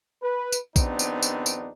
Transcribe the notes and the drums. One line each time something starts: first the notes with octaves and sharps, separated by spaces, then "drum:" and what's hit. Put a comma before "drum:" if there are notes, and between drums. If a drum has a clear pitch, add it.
B4
drum: tambourine
A#1 D#2 B3 C4 D4 D#4, drum: kick A#1, tambourine
drum: tambourine
drum: tambourine
drum: tambourine